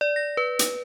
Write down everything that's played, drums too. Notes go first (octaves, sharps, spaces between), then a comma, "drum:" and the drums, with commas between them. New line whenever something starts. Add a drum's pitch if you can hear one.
D5
A#6
B4
drum: hi-hat